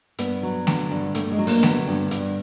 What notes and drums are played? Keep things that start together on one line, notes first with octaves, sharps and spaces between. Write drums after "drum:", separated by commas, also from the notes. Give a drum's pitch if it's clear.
G2 B3, drum: hi-hat
F#3
D3, drum: snare A3
G2
G2 A3, drum: hi-hat
G#3
F#3
A#3, drum: open hi-hat
D3 B3, drum: snare A3
G2
G2, drum: hi-hat